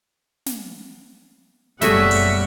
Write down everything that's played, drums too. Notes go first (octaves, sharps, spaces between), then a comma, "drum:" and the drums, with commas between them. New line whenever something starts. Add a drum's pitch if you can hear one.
drum: snare
F#1 B2 G3 A3 F#4 G#4 E5 F#5, drum: snare
drum: open hi-hat